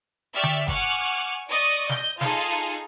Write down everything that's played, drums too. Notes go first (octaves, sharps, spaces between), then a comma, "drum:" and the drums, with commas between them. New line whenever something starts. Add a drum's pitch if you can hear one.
G4 D5 E5 G5 C#6 F6
drum: tom D3
F#5 G#5 C#6 D6 F6 F#6, drum: kick G1
D5 D#5 C#6 D#6
D#5 G6, drum: snare
D#4 F4 G#4 A4 F5, drum: snare
drum: hi-hat